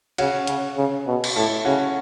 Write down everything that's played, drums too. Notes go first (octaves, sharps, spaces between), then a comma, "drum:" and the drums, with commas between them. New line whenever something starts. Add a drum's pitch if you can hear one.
C#3 C#4 F#4, drum: cymbal
C#3, drum: hi-hat
C#3
B2
drum: cymbal
A2 E4 A4
C#3 C#4 F#4